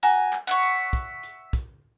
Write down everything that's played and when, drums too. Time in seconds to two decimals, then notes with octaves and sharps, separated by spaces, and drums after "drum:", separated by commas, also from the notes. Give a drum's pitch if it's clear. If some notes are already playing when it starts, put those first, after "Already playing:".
0.03 F#4 G#5 A#5, drum: hi-hat
0.33 drum: clap
0.47 C#5 E5 F#5
0.63 drum: hi-hat
0.93 drum: kick, hi-hat
1.23 drum: hi-hat
1.53 drum: kick, hi-hat